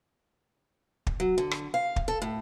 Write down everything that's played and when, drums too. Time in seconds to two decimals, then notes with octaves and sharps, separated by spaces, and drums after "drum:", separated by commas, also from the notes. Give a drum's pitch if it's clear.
1.07 drum: kick
1.20 F#3
1.38 D3
1.51 drum: rim click
1.74 F5
1.96 drum: kick
2.08 A4
2.22 A2